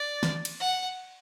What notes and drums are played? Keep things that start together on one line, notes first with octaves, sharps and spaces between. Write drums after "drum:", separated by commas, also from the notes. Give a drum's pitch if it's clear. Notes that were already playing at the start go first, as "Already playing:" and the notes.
Already playing: D5
drum: snare
drum: cymbal
F#5